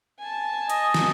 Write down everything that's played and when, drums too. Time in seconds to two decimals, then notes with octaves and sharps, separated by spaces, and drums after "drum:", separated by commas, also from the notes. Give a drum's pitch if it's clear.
0.19 G#5 A5
0.70 D#5, drum: hi-hat
0.94 drum: snare